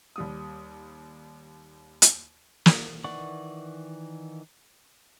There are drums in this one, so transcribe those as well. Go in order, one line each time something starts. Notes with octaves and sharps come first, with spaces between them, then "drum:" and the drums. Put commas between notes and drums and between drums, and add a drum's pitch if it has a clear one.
D#2 G3 D#6
drum: hi-hat
drum: snare
D#3 E3 D5 F#5 C#6